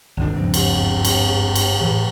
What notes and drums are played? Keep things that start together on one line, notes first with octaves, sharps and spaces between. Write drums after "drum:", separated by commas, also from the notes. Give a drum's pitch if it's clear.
G1 D2 G#2 D3 D#3 D4
D#2 C#3 F3 C4
drum: cymbal
drum: cymbal
drum: cymbal
A2 E3